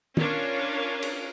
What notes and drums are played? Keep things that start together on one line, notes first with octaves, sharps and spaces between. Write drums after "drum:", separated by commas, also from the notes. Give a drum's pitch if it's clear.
C#4 D4 F4 A#4, drum: tom
drum: cymbal